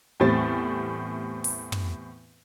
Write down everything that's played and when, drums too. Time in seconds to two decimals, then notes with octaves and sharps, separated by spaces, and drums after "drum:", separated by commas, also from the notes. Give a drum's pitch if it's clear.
0.20 E2 A2 G3 A3 C4 A6
1.44 drum: open hi-hat
1.72 drum: tom